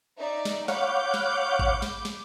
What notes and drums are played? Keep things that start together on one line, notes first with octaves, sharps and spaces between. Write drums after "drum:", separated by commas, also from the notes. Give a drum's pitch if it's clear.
D#4 D5 E5
drum: snare
C#5 F5 F#5 B5 D6 G6, drum: snare
drum: snare
drum: kick
drum: snare
drum: snare